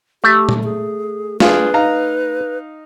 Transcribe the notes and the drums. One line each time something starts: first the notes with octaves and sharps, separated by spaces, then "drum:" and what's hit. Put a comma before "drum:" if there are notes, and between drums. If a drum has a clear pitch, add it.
A3 G4
drum: tom A#2
G#4
D4 F4 G#4 B4, drum: snare
D#4 F5 A#5